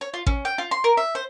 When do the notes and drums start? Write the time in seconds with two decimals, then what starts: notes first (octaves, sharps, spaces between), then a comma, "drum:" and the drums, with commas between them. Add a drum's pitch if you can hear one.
0.01 C#5
0.14 F4
0.27 C#4, drum: kick A1
0.45 G5
0.58 F4
0.71 C6
0.84 A#4
0.97 E5
1.15 C5